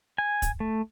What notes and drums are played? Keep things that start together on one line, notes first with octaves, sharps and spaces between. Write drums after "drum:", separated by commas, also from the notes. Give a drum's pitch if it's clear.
G#5
drum: kick, hi-hat
A3